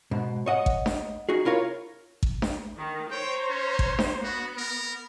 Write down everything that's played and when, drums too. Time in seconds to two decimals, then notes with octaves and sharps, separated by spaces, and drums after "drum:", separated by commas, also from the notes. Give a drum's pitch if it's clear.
0.11 G#2 B2
0.46 C#5 D#5 F#5
0.66 drum: kick A1
0.86 drum: snare D4
1.29 D#4 F#4 G#4
1.45 E4 F4 A#4 C#5 F5
2.23 drum: kick A1
2.42 drum: snare D4
2.77 D#3
3.11 C5 C#5 G5 A#5
3.50 C#4
3.79 drum: kick A1
3.99 drum: snare D4
4.23 B3 F#4
4.57 A#4